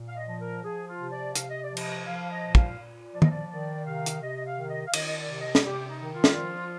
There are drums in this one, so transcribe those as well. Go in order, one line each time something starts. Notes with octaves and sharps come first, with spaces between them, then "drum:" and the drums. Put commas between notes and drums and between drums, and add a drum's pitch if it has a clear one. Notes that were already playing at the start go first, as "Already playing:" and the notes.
Already playing: A#2
F5
D#5
F3
A#4
F3 G#4
F4
C3
D5
C3 F5, drum: hi-hat
D#5
D5
F3
D#5, drum: cymbal
D#5
F3 F5
D#5
A#2
F5, drum: kick
A#2
F3 D5
D#5, drum: tom
D5
D#3 D5
C3 F5
drum: hi-hat
C3 D#5
F5
D#3
D#5
F5
D#3 D#5, drum: cymbal
D#5
D5
C3
D#5
drum: snare
C3 G4
D#4
D#3
F4
drum: snare
F3